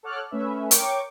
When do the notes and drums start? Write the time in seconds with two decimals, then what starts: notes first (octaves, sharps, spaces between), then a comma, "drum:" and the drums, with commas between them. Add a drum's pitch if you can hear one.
0.03 A4 C#5 F#5 D6 F6 F#6
0.31 A3 C#4 B4 E5
0.71 A#4 C#5 G5 C#6 D6, drum: hi-hat